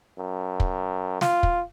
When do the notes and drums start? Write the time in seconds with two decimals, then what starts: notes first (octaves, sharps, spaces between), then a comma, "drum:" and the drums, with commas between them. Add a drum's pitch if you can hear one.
0.18 F#2
0.60 drum: kick
1.21 F4, drum: snare
1.43 drum: kick